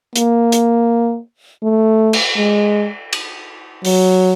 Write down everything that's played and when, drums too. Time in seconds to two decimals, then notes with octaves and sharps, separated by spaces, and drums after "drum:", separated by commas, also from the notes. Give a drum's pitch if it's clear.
0.16 A#3, drum: hi-hat
0.52 drum: hi-hat
1.63 A3
2.13 drum: cymbal
2.36 G#3
3.13 drum: cymbal
3.85 F#3, drum: open hi-hat